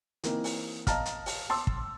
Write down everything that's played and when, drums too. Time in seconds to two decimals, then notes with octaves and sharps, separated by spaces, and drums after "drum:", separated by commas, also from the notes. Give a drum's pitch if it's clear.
0.24 E3 A#3 C4 D#4, drum: hi-hat
0.44 drum: open hi-hat
0.87 D#5 F5 A5 A#5 F6, drum: kick, hi-hat
1.06 drum: hi-hat
1.26 drum: open hi-hat
1.50 A5 C6 D6 E6
1.67 drum: kick